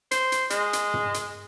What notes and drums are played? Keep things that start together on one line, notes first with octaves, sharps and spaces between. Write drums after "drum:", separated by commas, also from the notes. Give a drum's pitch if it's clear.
C5, drum: hi-hat
drum: hi-hat
G#3, drum: hi-hat
drum: hi-hat
drum: tom
drum: hi-hat